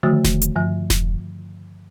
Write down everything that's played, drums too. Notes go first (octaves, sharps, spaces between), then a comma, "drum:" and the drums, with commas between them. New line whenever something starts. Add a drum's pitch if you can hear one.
D3 D#3 F3 A3 F#4
drum: snare E1
drum: hi-hat
G2 F3
drum: snare E1